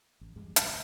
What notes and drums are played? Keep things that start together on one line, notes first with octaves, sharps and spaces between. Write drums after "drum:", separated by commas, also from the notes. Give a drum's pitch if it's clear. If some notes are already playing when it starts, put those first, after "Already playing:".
A1
E2 G2 G#3
E1 B1 G3, drum: hi-hat
D2